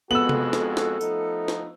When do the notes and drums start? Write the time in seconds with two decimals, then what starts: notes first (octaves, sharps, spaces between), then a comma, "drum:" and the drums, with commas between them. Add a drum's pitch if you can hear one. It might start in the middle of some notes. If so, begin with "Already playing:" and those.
0.11 F2 G#3 B3 F#4 A4 E6 F#7
0.29 drum: tom C3
0.53 drum: snare
0.77 drum: snare
1.01 F3 A3 D#4, drum: tambourine
1.48 drum: snare